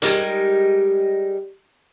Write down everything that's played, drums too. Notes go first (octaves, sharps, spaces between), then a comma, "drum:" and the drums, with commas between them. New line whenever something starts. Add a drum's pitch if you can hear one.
G3 G#3 D#4 A#4, drum: hi-hat